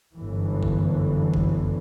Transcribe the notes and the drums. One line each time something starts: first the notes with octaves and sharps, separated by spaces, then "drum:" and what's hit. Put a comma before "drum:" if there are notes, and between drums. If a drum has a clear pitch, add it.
G1 F#2 E3
drum: kick G1
drum: kick G1